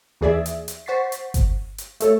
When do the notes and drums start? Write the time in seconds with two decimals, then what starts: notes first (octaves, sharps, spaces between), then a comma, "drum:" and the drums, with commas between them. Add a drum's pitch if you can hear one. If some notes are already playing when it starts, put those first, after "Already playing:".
0.21 D#2 E3 G#4 D5 E5
0.46 drum: hi-hat
0.68 drum: hi-hat
0.86 C5 F#5 C#6 A6 B6 C7
1.12 drum: hi-hat
1.34 drum: kick G1, hi-hat
1.78 drum: hi-hat
2.00 A3 A4 C#5, drum: hi-hat